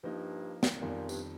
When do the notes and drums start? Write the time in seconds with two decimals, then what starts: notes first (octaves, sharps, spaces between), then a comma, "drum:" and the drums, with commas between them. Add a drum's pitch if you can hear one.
0.04 G2 F3 A#3 D#4
0.63 drum: snare
0.81 F2 A#2 D#3 G3
1.09 G2, drum: tambourine